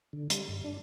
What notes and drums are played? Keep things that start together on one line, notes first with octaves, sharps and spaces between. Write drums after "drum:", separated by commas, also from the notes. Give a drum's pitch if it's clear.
D3
G3, drum: hi-hat
G2
D4